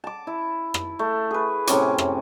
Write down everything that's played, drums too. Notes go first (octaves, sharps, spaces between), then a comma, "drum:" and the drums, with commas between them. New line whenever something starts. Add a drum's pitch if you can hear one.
A5 D6
E4
drum: rim click
A3
G#4 B4
A2 C3 C#4 D6, drum: hi-hat
drum: rim click